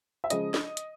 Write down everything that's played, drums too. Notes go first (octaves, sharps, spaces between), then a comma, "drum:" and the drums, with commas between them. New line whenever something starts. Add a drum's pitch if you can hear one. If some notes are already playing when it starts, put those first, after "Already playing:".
E5
C#3 F3 G#3 D#5, drum: hi-hat
drum: snare
drum: hi-hat